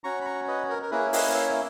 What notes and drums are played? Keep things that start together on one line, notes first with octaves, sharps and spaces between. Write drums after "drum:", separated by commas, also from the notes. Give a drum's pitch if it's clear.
C#4 F#4 A#5 C#6
B5
A#5 C#6
B4 D#5
A#4
A#4
A#3 C#4 E4 G#4 B4
B4 D#5, drum: open hi-hat
C#5 E5